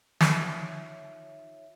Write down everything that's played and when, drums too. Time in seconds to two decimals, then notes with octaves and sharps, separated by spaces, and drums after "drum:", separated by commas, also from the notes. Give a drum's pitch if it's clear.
0.20 D#4 F4 C#5 E5, drum: snare